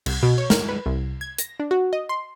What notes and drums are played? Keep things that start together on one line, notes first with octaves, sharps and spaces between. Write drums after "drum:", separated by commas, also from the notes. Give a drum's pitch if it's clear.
C2, drum: cymbal
B2
C#5
A#4, drum: snare
B4
C2
G#6
A#6, drum: hi-hat
D4
F#4
D#5
C6